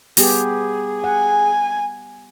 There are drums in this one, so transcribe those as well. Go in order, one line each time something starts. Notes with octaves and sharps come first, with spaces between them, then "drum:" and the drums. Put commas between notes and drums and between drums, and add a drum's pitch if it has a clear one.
G3 B3 G4 G#4, drum: open hi-hat
F#5 G#5